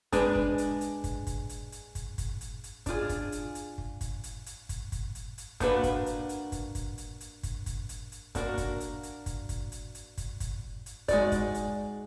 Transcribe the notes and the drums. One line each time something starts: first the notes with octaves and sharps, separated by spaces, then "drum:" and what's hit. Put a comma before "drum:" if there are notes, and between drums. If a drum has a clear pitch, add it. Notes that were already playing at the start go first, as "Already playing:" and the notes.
G#3 D4 G#4 B4, drum: kick, hi-hat
drum: kick
drum: hi-hat
drum: hi-hat
drum: kick, hi-hat
drum: kick, hi-hat
drum: hi-hat
drum: hi-hat
drum: kick, hi-hat
drum: kick, hi-hat
drum: hi-hat
drum: hi-hat
D4 F4 G#4, drum: kick, hi-hat
drum: kick, hi-hat
drum: hi-hat
drum: hi-hat
drum: kick
drum: kick, hi-hat
drum: hi-hat
drum: hi-hat
drum: kick, hi-hat
drum: kick, hi-hat
drum: hi-hat
drum: hi-hat
A#3 D4 F#4 B4, drum: kick, hi-hat
drum: kick, hi-hat
drum: hi-hat
drum: hi-hat
drum: kick, hi-hat
drum: kick, hi-hat
drum: hi-hat
drum: hi-hat
drum: kick, hi-hat
drum: kick, hi-hat
drum: hi-hat
drum: hi-hat
A#3 D4 F#4 A#4, drum: kick, hi-hat
drum: kick, hi-hat
drum: hi-hat
drum: hi-hat
drum: kick, hi-hat
drum: kick, hi-hat
drum: hi-hat
drum: hi-hat
drum: kick, hi-hat
drum: kick, hi-hat
drum: hi-hat
G#3 D#4 F#4 D5, drum: kick, hi-hat
drum: kick, hi-hat
drum: hi-hat